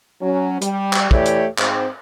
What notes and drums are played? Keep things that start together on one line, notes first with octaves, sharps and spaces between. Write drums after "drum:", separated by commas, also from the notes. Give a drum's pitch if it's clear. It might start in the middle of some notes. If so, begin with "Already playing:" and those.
F#3 C#4
G3, drum: hi-hat
drum: clap
E3 A3 G4 C#5 D5, drum: kick
drum: hi-hat
G#2 C4, drum: clap